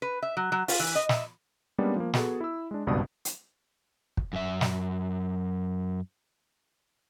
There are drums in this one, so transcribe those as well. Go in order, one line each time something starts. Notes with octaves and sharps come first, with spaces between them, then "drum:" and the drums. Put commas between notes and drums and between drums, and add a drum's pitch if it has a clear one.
B4
E5
F#3
F#3
F4, drum: open hi-hat
E3
D#5
E5, drum: snare
G3 G#3 A#3 B3 C#4 D4
F3 A#3
B3 F#4 G#4 A4, drum: snare
E4 E6
G#3 D4
G#1 C#2 G2 B2 D4 D#6
drum: hi-hat
drum: kick
F#2 E5
drum: snare